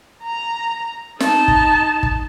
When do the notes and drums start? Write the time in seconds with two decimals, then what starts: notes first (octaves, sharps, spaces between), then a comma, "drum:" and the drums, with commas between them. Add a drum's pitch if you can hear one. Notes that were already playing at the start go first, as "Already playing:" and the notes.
0.23 A#5
1.20 D#4 A5, drum: snare
1.48 drum: kick
2.03 drum: kick